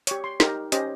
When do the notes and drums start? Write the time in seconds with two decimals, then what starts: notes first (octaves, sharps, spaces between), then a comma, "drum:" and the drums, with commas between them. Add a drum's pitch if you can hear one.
0.07 G4 C#5, drum: hi-hat
0.24 C6
0.40 D#4 G4 A#4, drum: snare
0.72 C#4 G4 C5 D#5, drum: hi-hat